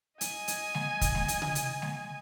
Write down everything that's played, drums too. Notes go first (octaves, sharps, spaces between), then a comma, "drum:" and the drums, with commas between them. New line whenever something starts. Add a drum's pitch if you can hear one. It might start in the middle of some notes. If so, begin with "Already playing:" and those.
D#5 G#5, drum: hi-hat
drum: hi-hat
drum: snare G#3
drum: kick, hi-hat
drum: snare G#3
drum: hi-hat
drum: tom C3
drum: hi-hat
drum: snare G#3